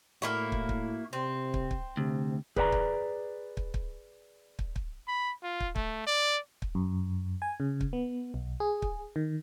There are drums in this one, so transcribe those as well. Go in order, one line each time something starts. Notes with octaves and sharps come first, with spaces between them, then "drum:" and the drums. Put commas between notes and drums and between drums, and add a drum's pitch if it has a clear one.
A2 A#3 E4 F#4
drum: kick
drum: kick
C3 C4
drum: kick
drum: kick
D2 C3
G#4 B4 D5 F#5 A#5, drum: kick
drum: kick
drum: kick
drum: kick
drum: kick
drum: kick
B5
F4
drum: kick
A3, drum: kick
D5
drum: kick
F#2
G#5
C#3
drum: kick
B3
B1
G#4
drum: kick
D#3